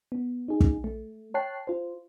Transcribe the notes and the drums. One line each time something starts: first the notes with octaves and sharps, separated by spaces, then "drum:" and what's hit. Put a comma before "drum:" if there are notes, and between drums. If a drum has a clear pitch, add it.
B3
D#4 G#4
drum: kick
A3
C#5 G5 A5 F#6 C7
F4 C5